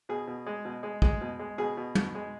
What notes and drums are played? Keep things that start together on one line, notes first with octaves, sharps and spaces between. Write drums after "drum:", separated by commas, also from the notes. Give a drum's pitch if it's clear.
B2 G#4
B2
G#3
B2
G#3
G#3, drum: kick
B2
G#3
B2 G#4
B2
B2, drum: tom
G#3